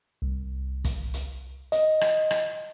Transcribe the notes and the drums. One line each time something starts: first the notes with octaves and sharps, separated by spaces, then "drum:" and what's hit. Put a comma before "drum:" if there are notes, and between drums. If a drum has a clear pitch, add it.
C2
drum: kick, hi-hat
drum: hi-hat
D#5, drum: hi-hat
drum: rim click
drum: rim click